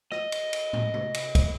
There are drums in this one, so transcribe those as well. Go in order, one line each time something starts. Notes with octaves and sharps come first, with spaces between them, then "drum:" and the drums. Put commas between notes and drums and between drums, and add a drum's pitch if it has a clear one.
D#5, drum: rim click
drum: cymbal
drum: cymbal
drum: tom
drum: tom
drum: cymbal
drum: kick, cymbal